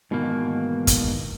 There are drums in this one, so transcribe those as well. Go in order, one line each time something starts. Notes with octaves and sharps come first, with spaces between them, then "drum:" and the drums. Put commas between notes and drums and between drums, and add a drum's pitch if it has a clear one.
G#2 B2 D#3 E3 A#3
drum: kick, hi-hat